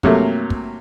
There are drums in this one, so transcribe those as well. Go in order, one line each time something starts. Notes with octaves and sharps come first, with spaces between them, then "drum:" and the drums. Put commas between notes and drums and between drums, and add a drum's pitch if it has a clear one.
G2 C3 F#3 A3 A#3, drum: kick
drum: kick